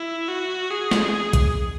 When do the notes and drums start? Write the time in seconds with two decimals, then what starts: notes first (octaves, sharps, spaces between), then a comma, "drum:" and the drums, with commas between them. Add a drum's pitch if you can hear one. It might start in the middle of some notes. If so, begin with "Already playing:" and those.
Already playing: E4
0.29 F#4
0.70 G#4
0.91 drum: snare
1.33 drum: kick, hi-hat